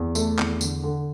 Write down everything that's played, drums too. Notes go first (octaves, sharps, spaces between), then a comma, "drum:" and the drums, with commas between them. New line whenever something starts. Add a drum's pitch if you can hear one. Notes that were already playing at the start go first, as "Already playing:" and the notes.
Already playing: E2
A3, drum: tambourine
E2, drum: clap
D3, drum: tambourine
D3